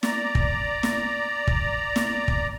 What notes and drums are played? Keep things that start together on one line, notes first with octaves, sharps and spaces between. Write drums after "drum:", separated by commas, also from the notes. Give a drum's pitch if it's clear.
D5 A#5, drum: snare
drum: kick
drum: snare
drum: kick
drum: snare
drum: kick